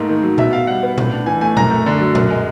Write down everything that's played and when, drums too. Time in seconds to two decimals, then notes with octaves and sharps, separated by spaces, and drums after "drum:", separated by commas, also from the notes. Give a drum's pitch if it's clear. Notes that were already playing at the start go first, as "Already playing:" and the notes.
Already playing: G#2 A3 A#3
0.09 D#3
0.23 F#3
0.38 B2 E5, drum: tom A#2
0.53 B2 F5
0.67 G3 F#5
0.83 B3
0.98 A2, drum: tom A#2
1.12 D4
1.26 E3 G#5
1.41 A3 G#5
1.57 F#2 A#5, drum: tom A#2
1.71 A3
1.86 D3
2.00 F#3
2.15 F#2, drum: tom A#2
2.30 G#3